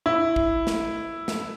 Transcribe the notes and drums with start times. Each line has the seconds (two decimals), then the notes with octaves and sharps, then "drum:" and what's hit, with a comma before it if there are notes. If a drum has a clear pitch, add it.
0.06 E4
0.36 drum: kick
0.67 drum: snare
1.28 drum: snare